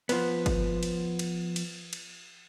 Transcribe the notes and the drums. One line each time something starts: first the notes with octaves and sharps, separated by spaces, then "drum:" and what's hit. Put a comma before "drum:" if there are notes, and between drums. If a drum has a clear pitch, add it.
F3 B3, drum: cymbal
drum: kick G1, cymbal
drum: cymbal
drum: cymbal
drum: cymbal
drum: cymbal